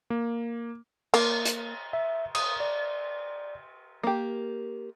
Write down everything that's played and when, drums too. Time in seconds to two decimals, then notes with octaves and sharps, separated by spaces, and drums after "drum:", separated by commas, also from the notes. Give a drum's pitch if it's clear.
0.10 A#3
1.14 A#3, drum: cymbal
1.45 drum: hi-hat
1.93 E5
2.35 D#6, drum: cymbal
2.60 D5
4.03 A#3 G4